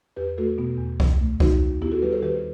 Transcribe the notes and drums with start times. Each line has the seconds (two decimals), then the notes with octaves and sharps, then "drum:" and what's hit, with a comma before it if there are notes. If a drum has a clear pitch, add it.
0.16 E2 G4 B4
0.38 A3 F#4 A4
0.58 B2 B3
0.78 E2
1.00 D#2, drum: kick C2
1.20 A3
1.40 D#3 D#4 F#4, drum: kick C2
1.61 D#2
1.82 B3 E4 G4
1.92 F#4 A4
2.02 G3 G4 B4
2.12 A4 C5
2.22 D#3 G4 B4